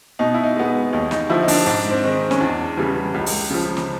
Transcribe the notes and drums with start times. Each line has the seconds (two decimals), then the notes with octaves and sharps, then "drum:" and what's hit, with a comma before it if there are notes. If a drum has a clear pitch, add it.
0.19 B2 D#4
0.34 E4
0.44 D#4
0.56 G#3 B3
0.93 D#2 D#4
1.11 D#4, drum: snare
1.30 D3 F3 E4
1.43 D#4
1.48 D4, drum: open hi-hat
1.66 G#2 D4
1.91 C4
2.03 D#3 G#3 C4
2.31 C#4, drum: snare
2.40 E2 D4
2.77 C#3 E3 G3
3.14 C#2
3.26 drum: open hi-hat
3.50 C#3 F3
3.77 drum: snare